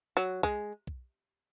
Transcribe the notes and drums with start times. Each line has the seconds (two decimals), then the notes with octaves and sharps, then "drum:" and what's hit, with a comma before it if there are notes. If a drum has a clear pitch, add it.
0.17 F#3
0.43 G#3, drum: kick B1
0.87 drum: kick B1